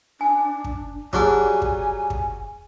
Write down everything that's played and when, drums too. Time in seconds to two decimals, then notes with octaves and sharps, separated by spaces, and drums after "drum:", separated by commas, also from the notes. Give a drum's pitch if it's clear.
0.21 D4 G#5
0.64 drum: kick
1.13 F#3 G3 D4 G#4 G#5 C#6 D6, drum: kick
1.62 drum: kick
2.10 drum: kick